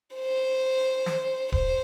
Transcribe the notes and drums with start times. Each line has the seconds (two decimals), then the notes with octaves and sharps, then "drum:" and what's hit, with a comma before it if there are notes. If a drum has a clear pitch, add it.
0.15 C5
1.06 drum: snare
1.52 C5, drum: kick D1